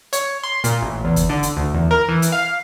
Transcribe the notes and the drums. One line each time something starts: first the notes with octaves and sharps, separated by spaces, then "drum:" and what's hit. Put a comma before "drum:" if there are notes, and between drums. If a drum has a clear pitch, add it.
C#5, drum: hi-hat
C6
A#2, drum: hi-hat
A1
E2
drum: kick, hi-hat
D3
drum: hi-hat
D2
E2
A#4
E3
drum: hi-hat
F5